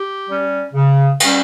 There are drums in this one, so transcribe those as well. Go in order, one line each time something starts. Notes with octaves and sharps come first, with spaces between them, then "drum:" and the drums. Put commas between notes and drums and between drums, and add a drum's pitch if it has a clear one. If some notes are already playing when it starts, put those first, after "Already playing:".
Already playing: G4
G3 C#4
C#3
G3 C#4, drum: cymbal